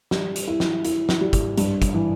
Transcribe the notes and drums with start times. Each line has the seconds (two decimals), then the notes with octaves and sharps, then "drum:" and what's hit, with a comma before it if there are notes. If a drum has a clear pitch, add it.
0.11 G3, drum: snare
0.36 drum: hi-hat
0.48 E4
0.60 drum: snare
0.85 E4, drum: hi-hat
1.09 drum: snare
1.21 G3
1.33 drum: kick, hi-hat
1.58 G2, drum: hi-hat
1.82 drum: kick, hi-hat
1.94 E3